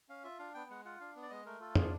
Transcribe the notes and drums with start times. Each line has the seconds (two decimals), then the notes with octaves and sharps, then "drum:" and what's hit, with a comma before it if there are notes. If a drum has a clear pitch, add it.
0.09 C#4 F5
0.24 F4 E5
0.39 D4 F5
0.54 B3 G5
0.70 G#3 F#5
0.85 F4 F#5
1.00 D4 F5
1.16 B3
1.22 D5
1.30 G#3 D#5
1.46 A3 A#4
1.60 F4 A4
1.75 D4 G#4, drum: tom